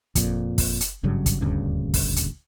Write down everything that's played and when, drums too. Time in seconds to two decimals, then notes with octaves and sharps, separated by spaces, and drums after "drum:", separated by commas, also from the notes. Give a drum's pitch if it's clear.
0.15 F2 A#2, drum: kick, hi-hat
0.58 drum: kick, open hi-hat
0.81 drum: hi-hat
1.03 G#1 G2 C#3 F#3
1.26 drum: kick, hi-hat
1.41 D#1 D2 G2 C#3
1.94 drum: kick, open hi-hat
2.16 drum: hi-hat